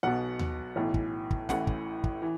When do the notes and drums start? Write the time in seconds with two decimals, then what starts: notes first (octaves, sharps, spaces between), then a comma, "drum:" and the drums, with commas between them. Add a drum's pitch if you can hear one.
0.03 B1 B2 F#5
0.39 drum: tom D#2
0.76 B1 A2 E3
0.94 drum: kick
1.31 drum: kick
1.49 A1 A2 E3 F#5, drum: snare
1.67 drum: kick
2.04 drum: kick
2.22 E3